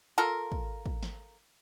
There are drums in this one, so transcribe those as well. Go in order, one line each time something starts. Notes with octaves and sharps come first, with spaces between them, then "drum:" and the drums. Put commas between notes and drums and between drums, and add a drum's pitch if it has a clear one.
F4 A4 A#4
drum: kick
drum: kick
drum: snare